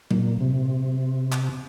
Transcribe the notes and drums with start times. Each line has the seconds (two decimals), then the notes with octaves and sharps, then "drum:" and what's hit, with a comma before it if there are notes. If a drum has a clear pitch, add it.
0.11 A#2, drum: tom F#3
0.40 C3
1.32 drum: clap